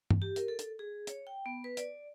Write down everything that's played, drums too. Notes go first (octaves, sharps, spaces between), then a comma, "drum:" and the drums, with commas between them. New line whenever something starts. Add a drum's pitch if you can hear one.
drum: tom G2
G4
A#4, drum: hi-hat
A4
drum: hi-hat
G#4
C#5, drum: hi-hat
G5
B3
B4
D5, drum: hi-hat